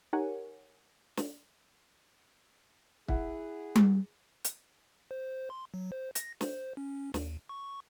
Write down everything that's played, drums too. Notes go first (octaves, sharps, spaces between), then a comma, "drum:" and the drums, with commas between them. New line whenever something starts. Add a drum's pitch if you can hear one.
D#4 G4 A#4 C#5 F#5 G#5
drum: snare
E4 G#4 F#5, drum: kick
drum: tom G3
drum: hi-hat
C5
C6
F#3
C5
A#6, drum: hi-hat
C5, drum: snare
C#4
D#2, drum: snare
C#6